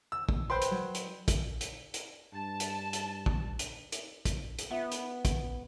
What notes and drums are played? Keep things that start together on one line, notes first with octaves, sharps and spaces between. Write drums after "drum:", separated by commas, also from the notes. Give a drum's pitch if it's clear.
E6
drum: kick
B4 C5 G5 C6 F#6
drum: hi-hat
F#3
drum: hi-hat
drum: kick, hi-hat
drum: hi-hat
drum: hi-hat
G2 A5
drum: hi-hat
drum: hi-hat
drum: kick
drum: hi-hat
drum: hi-hat
drum: kick, hi-hat
drum: hi-hat
B3 F4 E5 F#5
drum: hi-hat
drum: kick, hi-hat